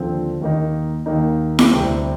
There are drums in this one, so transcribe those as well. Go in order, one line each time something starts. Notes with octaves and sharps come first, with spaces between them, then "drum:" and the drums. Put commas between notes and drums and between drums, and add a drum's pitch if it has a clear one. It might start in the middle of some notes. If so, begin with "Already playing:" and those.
Already playing: D#2 D3 F3 C4
D#2 D#3 A#3 D#4
D#2 D#3 A#3 D#4
drum: snare E4
D2 C3 G3 C4